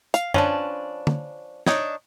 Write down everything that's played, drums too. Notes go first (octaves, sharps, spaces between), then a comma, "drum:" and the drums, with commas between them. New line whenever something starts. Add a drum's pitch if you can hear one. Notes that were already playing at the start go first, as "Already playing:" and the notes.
F5, drum: hi-hat
F3 C#4 D4 B4, drum: tom F#2
drum: tom D3
D4 D#4 C#5, drum: snare